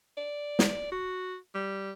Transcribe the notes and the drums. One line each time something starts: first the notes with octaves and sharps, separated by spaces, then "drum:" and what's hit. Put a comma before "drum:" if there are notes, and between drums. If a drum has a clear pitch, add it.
D5
drum: snare
F#4
G3